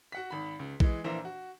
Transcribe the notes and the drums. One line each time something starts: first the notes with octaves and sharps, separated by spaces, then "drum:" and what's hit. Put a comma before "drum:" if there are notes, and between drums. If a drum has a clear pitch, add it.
F#4 F#5 B6
G#1 B5
C#2
E3 G#3, drum: kick A#1
A#1 E3 A#3 C5 E5 A#5
F#4